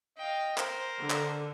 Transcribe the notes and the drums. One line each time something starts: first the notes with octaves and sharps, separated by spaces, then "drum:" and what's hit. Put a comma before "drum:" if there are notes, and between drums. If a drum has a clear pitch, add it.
D#5 F5 G5
A#4 C5, drum: clap
D3
drum: clap